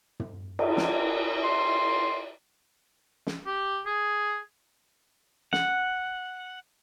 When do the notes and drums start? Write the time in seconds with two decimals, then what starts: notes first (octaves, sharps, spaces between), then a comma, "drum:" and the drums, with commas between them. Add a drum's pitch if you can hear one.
0.20 drum: tom
0.59 drum: cymbal
0.77 drum: snare
1.44 C6
3.27 drum: snare
3.46 G4
3.86 G#4
5.53 F#5, drum: snare